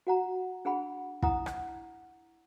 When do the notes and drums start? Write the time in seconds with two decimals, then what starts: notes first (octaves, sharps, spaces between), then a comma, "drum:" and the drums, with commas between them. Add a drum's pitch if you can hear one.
0.07 F#4 F#5 A#5
0.65 D4 G#4 F#5 B5
1.22 E4 F#5 A#5 D#6, drum: kick
1.46 drum: rim click